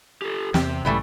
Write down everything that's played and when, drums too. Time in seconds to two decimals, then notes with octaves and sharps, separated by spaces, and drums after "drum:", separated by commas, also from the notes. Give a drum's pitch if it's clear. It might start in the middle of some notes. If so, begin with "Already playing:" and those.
0.22 G4 A4
0.54 E2 C3 C4 G4, drum: snare
0.85 B1 G#2 C#3 E3 G3 A3